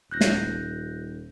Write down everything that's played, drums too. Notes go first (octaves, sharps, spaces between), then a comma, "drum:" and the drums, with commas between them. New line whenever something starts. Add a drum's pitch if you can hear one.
D#1 F#6 G6 A#6
drum: snare